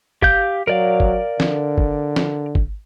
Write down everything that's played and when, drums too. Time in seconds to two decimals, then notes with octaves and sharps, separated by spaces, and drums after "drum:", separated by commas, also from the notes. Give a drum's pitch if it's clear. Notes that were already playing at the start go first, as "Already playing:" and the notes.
0.22 G4 F5 G6, drum: kick
0.67 F#3 A#4 D5 F5
1.00 drum: kick
1.40 D3, drum: snare
1.78 drum: kick
2.16 drum: snare
2.55 drum: kick